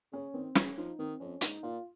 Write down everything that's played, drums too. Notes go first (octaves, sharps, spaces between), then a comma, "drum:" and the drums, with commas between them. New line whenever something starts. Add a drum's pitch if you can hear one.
C#3 C#4
D#3 C4
C#3 C#4, drum: snare
F3 D#4
D#3 C4
F2 C#4
G#2 D#4, drum: hi-hat
A#2 F4